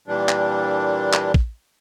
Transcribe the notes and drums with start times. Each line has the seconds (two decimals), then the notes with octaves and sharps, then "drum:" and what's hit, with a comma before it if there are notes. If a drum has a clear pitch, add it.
0.08 A#2 E3 G3 D4
0.29 drum: clap
1.13 drum: clap
1.34 drum: kick